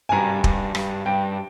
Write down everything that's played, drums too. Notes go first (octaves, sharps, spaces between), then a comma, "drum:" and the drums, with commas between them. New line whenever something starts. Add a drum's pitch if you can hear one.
G#5
G2 A#5
G2, drum: kick
G2, drum: rim click
G2 G5